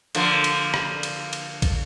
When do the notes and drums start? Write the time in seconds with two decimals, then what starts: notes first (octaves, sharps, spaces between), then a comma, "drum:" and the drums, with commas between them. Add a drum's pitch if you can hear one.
0.15 D3 F3 A#3, drum: cymbal
0.44 drum: cymbal
0.74 drum: rim click
1.03 drum: cymbal
1.33 drum: cymbal
1.62 drum: kick, cymbal